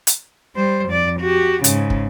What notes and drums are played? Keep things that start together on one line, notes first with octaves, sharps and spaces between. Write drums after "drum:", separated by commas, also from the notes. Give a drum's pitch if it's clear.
drum: hi-hat
G3 C5
F2 D5
F#4 G4
G#2 C#3, drum: hi-hat
drum: kick